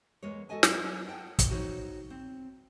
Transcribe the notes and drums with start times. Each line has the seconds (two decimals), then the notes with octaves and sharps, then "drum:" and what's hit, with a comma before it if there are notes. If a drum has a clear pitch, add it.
0.23 E2 G#3 A#3 C#5
0.49 F#4 A4 B4 D#5 G#5 A5
0.63 F#3, drum: snare
1.07 F#5 G5 A5
1.39 drum: kick, hi-hat
1.49 D#4 F#4 C5 C#5
2.10 C4 C5